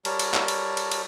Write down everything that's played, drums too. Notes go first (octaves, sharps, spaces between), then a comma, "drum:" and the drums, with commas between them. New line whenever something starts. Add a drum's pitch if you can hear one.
G3 A#4 C#5 A5, drum: cymbal
drum: cymbal
drum: clap
drum: cymbal
drum: cymbal
drum: cymbal